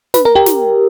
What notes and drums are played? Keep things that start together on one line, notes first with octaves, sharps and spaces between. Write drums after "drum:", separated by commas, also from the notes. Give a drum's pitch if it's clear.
B4, drum: snare
A#4
G4
drum: snare